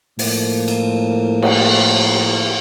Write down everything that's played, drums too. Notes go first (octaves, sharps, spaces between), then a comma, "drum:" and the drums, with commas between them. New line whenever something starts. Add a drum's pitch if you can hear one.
A2 F3 A#3, drum: open hi-hat
drum: cymbal
drum: cymbal